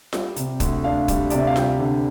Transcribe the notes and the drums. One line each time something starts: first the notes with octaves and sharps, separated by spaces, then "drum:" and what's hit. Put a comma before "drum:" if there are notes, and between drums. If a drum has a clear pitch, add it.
G3, drum: snare F4
C3, drum: hi-hat
D2, drum: kick, hi-hat
D4 F5
G3, drum: kick, hi-hat
C3 D5, drum: hi-hat
E5
F5
G3 G5, drum: snare F4
D3